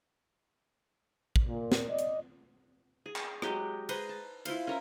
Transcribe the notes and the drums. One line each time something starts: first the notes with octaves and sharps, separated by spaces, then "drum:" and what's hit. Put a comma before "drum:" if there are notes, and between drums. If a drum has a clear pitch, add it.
drum: kick
A#2
drum: snare
D5 D#5
drum: hi-hat
G#4
drum: clap
F#3 G#3 G4 D#5, drum: rim click
G#4 B4 C5 A#5, drum: cymbal
A5
E4 F4 C5 F5, drum: cymbal
C#4 A#4 E5